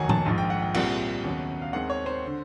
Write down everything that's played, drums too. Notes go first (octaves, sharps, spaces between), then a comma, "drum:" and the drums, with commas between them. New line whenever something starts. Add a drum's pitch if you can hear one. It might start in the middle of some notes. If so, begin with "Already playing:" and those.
Already playing: F1 D#2 D#3 F#3 F#5 G#5
A5, drum: tom
A#1 G#2 F3
G5
F#5
G5
C2 A#2 G3 C4 F#5, drum: cymbal
D#2 C#3 F#3 B3
F5
D#2 D#3 G#3 C4 F#5
C#5
C5
D3